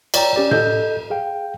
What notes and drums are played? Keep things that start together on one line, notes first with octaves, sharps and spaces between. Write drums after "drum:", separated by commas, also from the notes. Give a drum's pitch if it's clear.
C#5 D5 G5 A#5, drum: cymbal
C#4 G4 D5
A4 D#5 G6, drum: tom A2
G#4 F5 G5